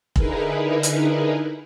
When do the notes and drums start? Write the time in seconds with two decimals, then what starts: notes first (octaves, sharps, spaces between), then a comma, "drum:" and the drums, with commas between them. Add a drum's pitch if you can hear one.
0.16 D3 D#4 E4 G#4 A#4 B4, drum: kick
0.83 drum: hi-hat